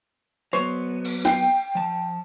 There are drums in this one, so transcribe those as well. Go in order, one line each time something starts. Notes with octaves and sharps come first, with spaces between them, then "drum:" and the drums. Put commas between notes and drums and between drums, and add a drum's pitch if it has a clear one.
F#3 B3 C5 C#5
drum: cymbal
G5 C7, drum: snare
F3 A5